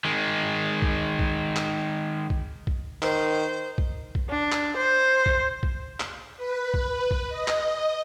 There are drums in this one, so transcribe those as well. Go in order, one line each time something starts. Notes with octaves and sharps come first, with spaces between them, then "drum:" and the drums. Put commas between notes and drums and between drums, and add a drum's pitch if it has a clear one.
D#3 G#3
drum: kick A#1
drum: kick A#1
drum: clap
drum: kick A#1
drum: kick A#1
D#3 C5, drum: clap
drum: kick A#1
drum: kick A#1
D4
drum: clap
C5
drum: kick A#1
drum: kick A#1
drum: clap
B4
drum: kick A#1
drum: kick A#1
D#5
drum: clap